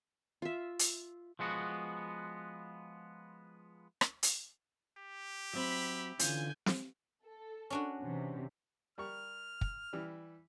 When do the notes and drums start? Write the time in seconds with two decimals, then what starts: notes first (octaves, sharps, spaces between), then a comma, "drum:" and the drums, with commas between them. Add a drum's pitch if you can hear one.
0.42 F4 E5
0.79 drum: hi-hat
1.39 F3 G#3 B3 F#4
4.01 drum: rim click
4.23 drum: hi-hat
4.98 G4
5.53 F#3 C4 E5 B5
6.19 D3 E3 C#4 F4 G#5 G6, drum: hi-hat
6.66 drum: snare
7.24 A4
7.70 C#4 D4 F#4
8.02 C3 E3
8.98 G3 A#4 C#6 F6
9.61 drum: kick
9.93 E3 G3